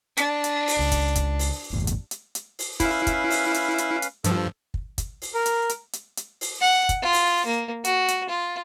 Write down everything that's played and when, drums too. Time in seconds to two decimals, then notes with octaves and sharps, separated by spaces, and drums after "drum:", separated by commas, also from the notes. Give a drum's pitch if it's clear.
0.17 D4, drum: hi-hat
0.44 drum: hi-hat
0.68 drum: open hi-hat
0.79 C#2
0.92 drum: kick, hi-hat
1.15 drum: kick, hi-hat
1.39 drum: open hi-hat
1.72 G1 E2 A2
1.87 drum: hi-hat
2.11 drum: hi-hat
2.35 drum: hi-hat
2.59 drum: open hi-hat
2.80 C#4 E4 B4 F5, drum: kick, hi-hat
3.07 drum: kick, hi-hat
3.31 drum: open hi-hat
3.54 drum: hi-hat
3.78 drum: hi-hat
4.02 drum: hi-hat
4.24 G2 F3 A4, drum: hi-hat
4.74 drum: kick
4.98 drum: kick, hi-hat
5.22 drum: open hi-hat
5.35 A#4
5.46 drum: hi-hat
5.69 drum: hi-hat
5.93 drum: hi-hat
6.17 drum: hi-hat
6.41 drum: open hi-hat
6.61 F#5
6.89 drum: kick, hi-hat
7.02 F4
7.13 drum: open hi-hat
7.46 A#3
7.85 F#4, drum: hi-hat
8.08 drum: hi-hat
8.29 F4